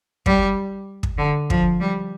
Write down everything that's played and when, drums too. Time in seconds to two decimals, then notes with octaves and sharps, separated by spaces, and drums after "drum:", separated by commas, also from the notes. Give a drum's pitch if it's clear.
0.26 G3, drum: kick
1.03 drum: kick
1.18 D3
1.50 F3, drum: kick
1.80 G3